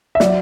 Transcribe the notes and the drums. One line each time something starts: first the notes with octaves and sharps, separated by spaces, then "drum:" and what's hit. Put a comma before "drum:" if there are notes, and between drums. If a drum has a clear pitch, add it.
E5
F#3 D5, drum: snare